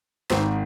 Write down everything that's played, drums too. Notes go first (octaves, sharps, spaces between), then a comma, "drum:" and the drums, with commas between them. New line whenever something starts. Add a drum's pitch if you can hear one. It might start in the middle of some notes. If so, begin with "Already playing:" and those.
G#1 G#2 D#3 C4, drum: snare